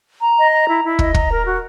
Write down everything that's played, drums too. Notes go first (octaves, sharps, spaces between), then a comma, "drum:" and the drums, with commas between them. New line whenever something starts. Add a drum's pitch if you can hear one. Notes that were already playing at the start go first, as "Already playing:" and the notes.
A#5
D#5
A#5
E4
E4
D#5, drum: kick
A#5, drum: kick
A#4
F#4